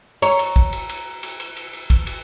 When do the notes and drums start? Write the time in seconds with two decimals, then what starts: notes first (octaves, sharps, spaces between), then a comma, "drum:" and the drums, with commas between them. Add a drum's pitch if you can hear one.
0.22 C#5 A#5, drum: cymbal
0.39 drum: cymbal
0.56 drum: kick
0.73 drum: cymbal
0.89 drum: cymbal
1.23 drum: cymbal
1.40 drum: cymbal
1.56 drum: cymbal
1.73 drum: cymbal
1.90 drum: kick, cymbal
2.07 drum: cymbal